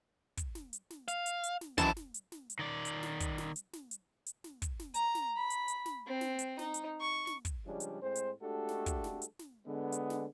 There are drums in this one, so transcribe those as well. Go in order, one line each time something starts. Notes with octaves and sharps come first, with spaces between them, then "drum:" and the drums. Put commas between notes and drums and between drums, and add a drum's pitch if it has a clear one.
drum: kick, hi-hat
drum: snare
drum: hi-hat
drum: snare
F5, drum: hi-hat
drum: hi-hat
drum: hi-hat
drum: snare
F#2 D#3 E3 F#3 E4 A5, drum: kick, hi-hat
drum: snare
drum: hi-hat
drum: snare
drum: hi-hat
D#3 D5
drum: hi-hat
drum: snare
drum: kick, hi-hat
drum: snare
drum: hi-hat
drum: snare
drum: hi-hat
drum: hi-hat
drum: snare
drum: kick, hi-hat
drum: snare
A#5, drum: hi-hat
drum: snare
B5
drum: hi-hat
drum: hi-hat
drum: snare
C4
drum: snare
drum: hi-hat
D#4, drum: snare
drum: hi-hat
C#6
drum: snare
drum: kick, hi-hat
C#3 F3 G3 G#3 C#4 D4
drum: hi-hat
A2 G#3 C4 C5
drum: hi-hat
G#3 A3 D4 F#4 G4 A4
drum: snare
drum: kick, hi-hat
drum: snare
drum: hi-hat
drum: snare
D3 G#3 B3
drum: hi-hat
drum: snare